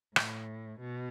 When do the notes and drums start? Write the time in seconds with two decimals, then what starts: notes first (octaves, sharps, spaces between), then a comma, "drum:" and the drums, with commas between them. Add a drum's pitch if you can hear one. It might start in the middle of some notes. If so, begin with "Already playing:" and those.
0.16 A2, drum: rim click
0.80 B2